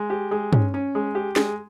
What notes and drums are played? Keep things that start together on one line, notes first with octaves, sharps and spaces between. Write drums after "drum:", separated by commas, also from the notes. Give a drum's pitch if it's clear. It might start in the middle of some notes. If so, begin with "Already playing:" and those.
Already playing: G#3
G4
G#3
C#4, drum: tom
C#4
G#3
G4
G#3, drum: snare